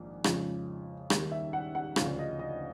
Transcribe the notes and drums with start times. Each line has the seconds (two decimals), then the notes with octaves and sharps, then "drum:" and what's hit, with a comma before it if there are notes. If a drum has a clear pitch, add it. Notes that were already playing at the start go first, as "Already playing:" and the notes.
Already playing: A#1 G#2 D#3
0.24 F2 C#3 F3 G#3, drum: rim click
1.10 D#2 D#3 G3, drum: rim click
1.31 E5
1.53 F#5
1.75 F#5
1.96 D2 C#3 F3 F5, drum: rim click
2.19 D#5
2.39 D#5